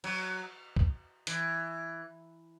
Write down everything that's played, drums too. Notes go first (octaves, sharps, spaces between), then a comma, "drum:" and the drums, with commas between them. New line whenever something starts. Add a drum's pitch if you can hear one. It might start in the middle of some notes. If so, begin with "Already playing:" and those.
F#3, drum: cymbal
drum: kick
E3, drum: hi-hat